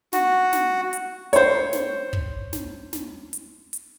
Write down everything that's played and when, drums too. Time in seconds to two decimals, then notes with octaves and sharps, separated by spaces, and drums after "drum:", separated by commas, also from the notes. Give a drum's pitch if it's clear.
0.13 F#4, drum: snare
0.53 drum: snare
0.93 drum: hi-hat
1.33 C5 C#5, drum: hi-hat
1.73 drum: snare
2.13 drum: kick
2.53 drum: snare
2.93 drum: snare
3.33 drum: hi-hat
3.73 drum: hi-hat